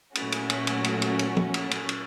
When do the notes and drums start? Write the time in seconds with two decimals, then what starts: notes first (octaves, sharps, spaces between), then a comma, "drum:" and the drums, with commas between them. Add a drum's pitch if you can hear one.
0.15 A#2 F#3 A3 C#4 F#4, drum: cymbal
0.32 drum: cymbal
0.50 drum: cymbal
0.67 drum: cymbal
0.84 drum: cymbal
1.02 drum: cymbal
1.19 drum: cymbal
1.37 drum: tom
1.54 drum: cymbal
1.71 drum: cymbal
1.89 drum: cymbal